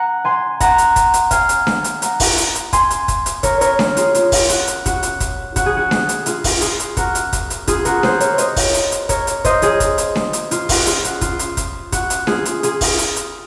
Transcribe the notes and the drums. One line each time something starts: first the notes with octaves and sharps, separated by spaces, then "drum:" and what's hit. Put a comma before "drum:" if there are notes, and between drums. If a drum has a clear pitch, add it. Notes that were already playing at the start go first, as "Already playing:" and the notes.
Already playing: F#5 A#5
G#5 C6
F#5 A#5, drum: kick, hi-hat
drum: hi-hat
drum: kick, hi-hat
drum: hi-hat
F5 G#5, drum: kick, hi-hat
drum: hi-hat
drum: snare D4
drum: hi-hat
F#5 A#5, drum: hi-hat
drum: kick, open hi-hat
drum: hi-hat
drum: hi-hat
G#5 C6, drum: kick, hi-hat
drum: hi-hat
drum: kick, hi-hat
drum: hi-hat
A#4 C#5, drum: kick, hi-hat
A#4 C#5, drum: hi-hat
drum: snare D4
F4 G#4, drum: hi-hat
F4, drum: hi-hat
drum: kick, open hi-hat
F#4, drum: hi-hat
drum: hi-hat
F#4, drum: kick, hi-hat
drum: hi-hat
drum: kick, hi-hat
F#4, drum: kick, hi-hat
G#4
F#4
drum: snare D4
drum: hi-hat
F4 G#4, drum: hi-hat
drum: kick, open hi-hat
F4 G#4, drum: hi-hat
drum: hi-hat
F#4 A#4, drum: kick, hi-hat
drum: hi-hat
drum: kick, hi-hat
drum: hi-hat
F4 G#4, drum: kick, hi-hat
F#4 A#4, drum: hi-hat
G#4 C5, drum: snare D4
A#4 C#5, drum: hi-hat
C5 D#5, drum: hi-hat
drum: kick, open hi-hat
drum: hi-hat
drum: hi-hat
A#4 C#5, drum: kick, hi-hat
drum: hi-hat
C5 D#5, drum: kick, hi-hat
F4 G#4, drum: hi-hat
drum: kick, hi-hat
drum: hi-hat
drum: snare D4
drum: hi-hat
F4, drum: hi-hat
F#4, drum: kick, open hi-hat
F4 G#4, drum: hi-hat
F#4, drum: hi-hat
F4, drum: kick, hi-hat
drum: hi-hat
drum: kick, hi-hat
F#4, drum: kick, hi-hat
drum: hi-hat
F4 G#4, drum: snare D4
drum: hi-hat
F4 G#4, drum: hi-hat
drum: kick, open hi-hat
drum: hi-hat
drum: hi-hat